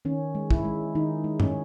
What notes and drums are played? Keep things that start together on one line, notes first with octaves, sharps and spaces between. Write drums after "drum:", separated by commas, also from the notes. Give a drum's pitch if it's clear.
D#3 C#4
G#3
E4, drum: kick
G#3
D#3 D#4
G#3
C#4, drum: tom